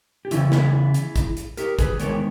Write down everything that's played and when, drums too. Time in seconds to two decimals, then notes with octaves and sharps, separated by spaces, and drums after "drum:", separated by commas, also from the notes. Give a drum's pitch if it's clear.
0.25 G4
0.31 C#3 E3 C#4 E4, drum: hi-hat
0.52 E4 G#4, drum: snare
0.94 drum: hi-hat
1.16 drum: kick, hi-hat
1.37 drum: hi-hat
1.57 G4 A#4, drum: hi-hat
1.79 G#4 B4, drum: kick, hi-hat
2.00 D#3 G#3 B3 A#4 C#5, drum: hi-hat